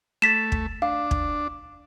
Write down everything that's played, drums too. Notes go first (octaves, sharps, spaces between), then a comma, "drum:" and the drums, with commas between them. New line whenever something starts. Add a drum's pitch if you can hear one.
A3 A6 B6 E7
drum: kick
D4 F5
drum: kick